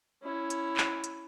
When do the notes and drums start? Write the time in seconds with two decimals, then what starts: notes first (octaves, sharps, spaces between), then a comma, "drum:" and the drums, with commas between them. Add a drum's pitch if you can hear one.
0.24 C#4 E4
0.50 drum: hi-hat
0.77 drum: clap
1.04 drum: hi-hat